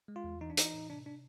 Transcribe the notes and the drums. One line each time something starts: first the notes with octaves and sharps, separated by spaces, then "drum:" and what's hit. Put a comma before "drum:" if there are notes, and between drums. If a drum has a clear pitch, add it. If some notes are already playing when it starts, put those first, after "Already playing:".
G#3
F4
E2
E3 D#4
D4
E3 D#4, drum: hi-hat
A2
C3 D4
D4